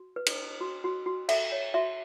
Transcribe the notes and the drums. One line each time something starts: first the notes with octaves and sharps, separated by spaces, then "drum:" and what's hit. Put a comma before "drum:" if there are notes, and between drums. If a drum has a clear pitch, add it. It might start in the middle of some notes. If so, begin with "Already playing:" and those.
Already playing: F#4
B4
drum: cymbal
B4
F#4
F#4
F#4
A4 E5, drum: cymbal
C#5
F#4 E5